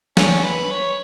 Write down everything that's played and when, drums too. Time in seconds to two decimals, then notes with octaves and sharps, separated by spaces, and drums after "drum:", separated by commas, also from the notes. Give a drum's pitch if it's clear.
0.17 C#4, drum: snare
0.44 B4
0.71 C#5